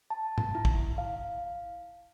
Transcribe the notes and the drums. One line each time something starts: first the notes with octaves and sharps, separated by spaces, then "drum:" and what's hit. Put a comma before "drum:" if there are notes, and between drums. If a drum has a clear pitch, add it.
A5
drum: tom
E4
drum: kick
F5